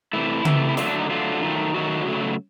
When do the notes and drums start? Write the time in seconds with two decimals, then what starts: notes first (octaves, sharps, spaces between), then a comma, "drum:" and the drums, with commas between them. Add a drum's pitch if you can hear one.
0.13 C3 E3 A3 E4
0.45 C3 E3 A3, drum: tom C#3
0.69 E4
0.77 D3 F#3 A3 F4, drum: snare
0.88 D4
0.99 D#4
1.09 D3 F#3 A3 F4
1.42 D#3 F#3 A3
1.74 D#3 F#3 A3 F#4
2.06 C#3 F#3 A3